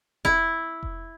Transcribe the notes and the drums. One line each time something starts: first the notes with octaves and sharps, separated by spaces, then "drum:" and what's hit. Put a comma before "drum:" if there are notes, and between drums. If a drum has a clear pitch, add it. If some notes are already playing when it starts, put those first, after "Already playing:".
E4, drum: kick F1
drum: kick F1